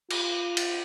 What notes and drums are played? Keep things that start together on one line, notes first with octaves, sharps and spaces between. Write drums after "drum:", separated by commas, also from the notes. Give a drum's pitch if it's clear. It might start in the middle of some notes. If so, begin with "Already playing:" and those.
F4, drum: cymbal
drum: cymbal